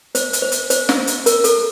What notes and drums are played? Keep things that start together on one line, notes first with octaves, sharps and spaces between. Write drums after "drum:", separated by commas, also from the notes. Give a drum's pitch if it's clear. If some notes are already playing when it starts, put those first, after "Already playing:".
C5, drum: hi-hat
drum: hi-hat
C5
drum: hi-hat
C5, drum: hi-hat
drum: snare
drum: hi-hat
A#4, drum: hi-hat
A4, drum: hi-hat